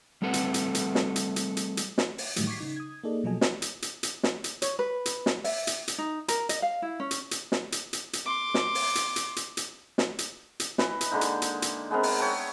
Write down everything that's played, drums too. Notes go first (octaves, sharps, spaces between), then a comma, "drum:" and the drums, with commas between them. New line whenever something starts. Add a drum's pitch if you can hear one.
G3 A3 C4 A4 B4 F#5
drum: hi-hat
drum: hi-hat
drum: hi-hat
drum: snare
drum: hi-hat
drum: hi-hat
drum: hi-hat
drum: hi-hat
drum: snare
drum: open hi-hat
A2 D#3 E3 F#3 G3 A3, drum: hi-hat
C#6 D6 G#6 B6 C7
C#3 D#4
D#6 G#6
A#3 D#4 G#4 A4 D5 D#5
B2 F3 F#3 A4 D#5 G#5
drum: snare
drum: hi-hat
drum: hi-hat
drum: hi-hat
drum: snare
drum: hi-hat
C#5, drum: hi-hat
B4
drum: hi-hat
drum: snare
E5, drum: open hi-hat
drum: hi-hat
drum: hi-hat
D#4
A#4, drum: hi-hat
D#5, drum: hi-hat
F5
E4
C#4
drum: hi-hat
drum: hi-hat
drum: snare
drum: hi-hat
drum: hi-hat
drum: hi-hat
C6 D6
drum: snare
drum: open hi-hat
drum: hi-hat
drum: hi-hat
drum: hi-hat
drum: hi-hat
drum: snare
drum: hi-hat
drum: hi-hat
E3 B4 D#5, drum: snare
drum: hi-hat
D3 G#3 A#3 D#4
drum: hi-hat
drum: hi-hat
drum: hi-hat
G#3 B3 C4 A#4
drum: open hi-hat
C#5 E5 G5 A5